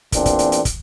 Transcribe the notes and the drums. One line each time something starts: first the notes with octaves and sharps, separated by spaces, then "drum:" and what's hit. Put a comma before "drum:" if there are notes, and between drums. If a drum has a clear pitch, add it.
E2 A#2 C4 D4, drum: kick, hi-hat
drum: kick, hi-hat
drum: hi-hat
drum: hi-hat
drum: kick, hi-hat